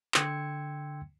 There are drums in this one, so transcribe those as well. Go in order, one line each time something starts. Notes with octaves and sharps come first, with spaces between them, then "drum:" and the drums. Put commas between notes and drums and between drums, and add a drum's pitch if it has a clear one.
D3 G5 C6 E6 G#6 C#7, drum: clap